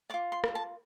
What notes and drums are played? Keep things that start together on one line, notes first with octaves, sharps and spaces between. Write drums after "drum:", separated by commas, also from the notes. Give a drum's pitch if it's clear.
D5 D6
F4
C6
drum: rim click
A5